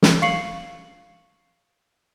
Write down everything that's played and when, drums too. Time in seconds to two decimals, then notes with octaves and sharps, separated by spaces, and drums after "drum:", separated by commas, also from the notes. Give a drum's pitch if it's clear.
0.02 drum: snare
0.22 F5 C#6 C7 C#7 F#7